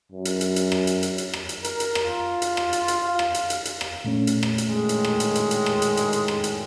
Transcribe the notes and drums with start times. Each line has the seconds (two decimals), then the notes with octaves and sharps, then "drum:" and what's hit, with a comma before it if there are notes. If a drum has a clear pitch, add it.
0.12 F#2
0.25 drum: hi-hat
0.41 drum: hi-hat
0.56 drum: hi-hat
0.72 drum: rim click
0.87 drum: hi-hat
1.03 drum: hi-hat
1.18 drum: hi-hat
1.34 drum: rim click
1.49 drum: hi-hat
1.64 A#4, drum: hi-hat
1.80 drum: hi-hat
1.95 drum: rim click
2.05 F4
2.42 drum: hi-hat
2.57 drum: rim click
2.73 drum: hi-hat
2.88 drum: hi-hat
3.08 F5
3.19 drum: rim click
3.34 drum: hi-hat
3.50 drum: hi-hat
3.65 drum: hi-hat
3.81 drum: rim click
4.04 A#2 A3 C#4
4.27 drum: hi-hat
4.43 drum: rim click
4.58 drum: hi-hat
4.68 A2 D#3 G#3
4.89 drum: hi-hat
5.04 drum: rim click
5.20 drum: hi-hat
5.35 drum: hi-hat
5.51 drum: hi-hat
5.66 drum: rim click
5.82 drum: hi-hat
5.97 drum: hi-hat
6.13 drum: hi-hat
6.28 drum: rim click
6.44 drum: hi-hat